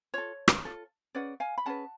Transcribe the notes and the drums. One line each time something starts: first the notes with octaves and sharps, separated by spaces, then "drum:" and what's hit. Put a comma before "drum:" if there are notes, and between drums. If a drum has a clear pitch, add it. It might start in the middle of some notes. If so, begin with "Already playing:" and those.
F4 A4 C#5
drum: rim click
F4 A4
C#4 G#4 B4 D5 F#5
F5 G#5
B5
C#4 G#4 B4 F#5 A5